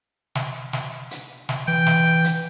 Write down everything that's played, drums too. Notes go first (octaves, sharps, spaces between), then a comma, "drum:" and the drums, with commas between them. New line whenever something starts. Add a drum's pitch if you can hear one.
drum: snare
drum: snare
drum: hi-hat
drum: snare
E3 G5
drum: snare
drum: hi-hat